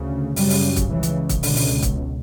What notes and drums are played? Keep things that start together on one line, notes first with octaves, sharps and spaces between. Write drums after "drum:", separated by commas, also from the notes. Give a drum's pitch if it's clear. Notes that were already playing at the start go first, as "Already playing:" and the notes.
Already playing: D2 C#3
F#2 C#3 G3, drum: open hi-hat
drum: open hi-hat
drum: kick, hi-hat
C#2 C#3 E3
drum: hi-hat
drum: kick, hi-hat
C#2 B2 D3, drum: open hi-hat
drum: open hi-hat
drum: kick, hi-hat